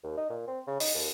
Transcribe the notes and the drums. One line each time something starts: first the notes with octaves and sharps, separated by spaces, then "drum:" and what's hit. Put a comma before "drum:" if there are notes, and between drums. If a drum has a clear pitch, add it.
D#2
D#4
A#2
C4
C#3
D#4, drum: open hi-hat
D#2